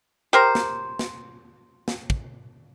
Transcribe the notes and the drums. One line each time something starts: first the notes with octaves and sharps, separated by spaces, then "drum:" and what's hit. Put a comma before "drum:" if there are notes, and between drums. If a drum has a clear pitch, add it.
G4 A#4 C5
drum: snare
drum: snare
drum: snare
drum: kick